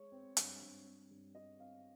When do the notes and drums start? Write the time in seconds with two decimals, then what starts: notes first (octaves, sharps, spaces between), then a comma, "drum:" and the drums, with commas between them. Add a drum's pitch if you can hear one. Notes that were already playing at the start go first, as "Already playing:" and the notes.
Already playing: G#3 C#5
0.12 C4
0.37 G2, drum: hi-hat
0.61 G2
0.85 C4
1.11 G2
1.35 G3 D#5
1.59 C4 F5